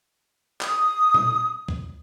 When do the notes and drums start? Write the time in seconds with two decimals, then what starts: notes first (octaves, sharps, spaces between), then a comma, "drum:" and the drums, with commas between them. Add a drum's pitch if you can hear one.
0.61 D#6, drum: clap
1.14 drum: tom A#2
1.69 drum: kick